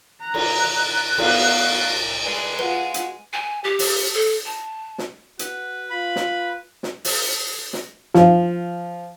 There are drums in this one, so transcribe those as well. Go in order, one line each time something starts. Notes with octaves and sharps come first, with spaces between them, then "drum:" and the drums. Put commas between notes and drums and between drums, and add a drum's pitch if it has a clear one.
A#5 F#6
drum: cymbal
B3 F#4 F5, drum: cymbal
G#3 B4 D5 G#5
F4 F#4 B4 F#5
drum: hi-hat
G#5
G4
drum: open hi-hat
A4
A5
drum: snare
F#4 B4, drum: hi-hat
F4 B5
drum: snare
drum: snare
drum: open hi-hat
drum: snare
F3, drum: snare